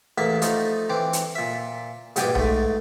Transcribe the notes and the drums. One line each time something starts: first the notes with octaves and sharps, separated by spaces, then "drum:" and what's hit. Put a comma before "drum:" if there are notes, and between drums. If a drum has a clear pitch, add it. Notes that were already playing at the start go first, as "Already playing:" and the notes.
A1 E2 A#3 E5 A5
F3 A3 D#4, drum: hi-hat
E3 C4 D6
drum: hi-hat
A#2 E5
A#1 G2 B2 G5 G#5 D6, drum: hi-hat
G#2 A3, drum: tom B1